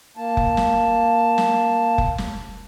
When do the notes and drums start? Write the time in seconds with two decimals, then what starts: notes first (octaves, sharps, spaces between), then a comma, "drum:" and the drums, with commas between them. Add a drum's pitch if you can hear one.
0.17 A#3 A5
0.37 drum: kick F1
0.57 drum: snare
1.38 drum: snare
1.98 drum: kick F1
2.18 drum: snare